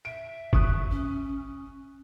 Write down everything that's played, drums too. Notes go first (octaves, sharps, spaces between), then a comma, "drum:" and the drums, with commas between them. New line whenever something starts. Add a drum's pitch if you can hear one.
E5 D7
C#6 D#6 F#6, drum: kick
C#4